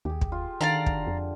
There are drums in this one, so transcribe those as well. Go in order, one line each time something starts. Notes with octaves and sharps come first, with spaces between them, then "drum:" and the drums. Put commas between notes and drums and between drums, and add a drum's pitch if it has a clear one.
D#2 G4 G#4
drum: kick
F4
D3 D#3 D5 F5 A#5
drum: kick
F2